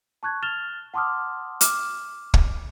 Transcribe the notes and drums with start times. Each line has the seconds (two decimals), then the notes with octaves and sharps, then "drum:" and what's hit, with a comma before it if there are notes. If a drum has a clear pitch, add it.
0.23 A5 C#6 F#6 G#6
0.42 F6 A6 E7 F7 G7
0.94 F#5 A5 C6 D6 D#6 F6
1.61 D6 F6 E7, drum: hi-hat
2.34 drum: kick